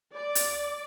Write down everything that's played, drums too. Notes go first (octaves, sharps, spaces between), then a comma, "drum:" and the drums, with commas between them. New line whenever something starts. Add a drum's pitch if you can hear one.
D5
drum: hi-hat